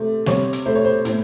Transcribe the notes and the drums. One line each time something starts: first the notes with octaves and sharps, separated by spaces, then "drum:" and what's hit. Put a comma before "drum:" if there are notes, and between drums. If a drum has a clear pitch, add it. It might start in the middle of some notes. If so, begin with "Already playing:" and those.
Already playing: C3 A3
C3 C#5, drum: snare G3
drum: hi-hat
A3 C5
C#5
C5
A2, drum: hi-hat